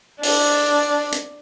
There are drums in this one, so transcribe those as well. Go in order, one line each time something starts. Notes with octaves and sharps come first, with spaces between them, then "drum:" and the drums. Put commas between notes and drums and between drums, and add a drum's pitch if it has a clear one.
D4, drum: open hi-hat
drum: hi-hat